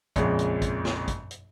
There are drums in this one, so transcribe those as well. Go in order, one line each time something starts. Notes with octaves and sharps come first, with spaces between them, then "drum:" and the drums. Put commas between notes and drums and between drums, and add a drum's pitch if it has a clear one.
A#1 F2 C#3 G#3, drum: kick, hi-hat
drum: hi-hat
drum: kick, hi-hat
drum: snare
drum: kick, hi-hat
drum: hi-hat